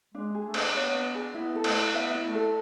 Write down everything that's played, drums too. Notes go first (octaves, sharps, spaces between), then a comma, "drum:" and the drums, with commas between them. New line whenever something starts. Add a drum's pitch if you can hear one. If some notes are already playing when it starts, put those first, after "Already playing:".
G#3 D4
G#4
A3
D4, drum: cymbal
B3 C#5
D4
G#4
B3 E4
A4
A3, drum: cymbal
E4
B3 E5
E4
A3
A4